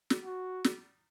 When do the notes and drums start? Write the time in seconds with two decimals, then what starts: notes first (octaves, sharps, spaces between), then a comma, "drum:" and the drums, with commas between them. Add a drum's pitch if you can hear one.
0.10 drum: snare
0.25 F#4
0.64 drum: snare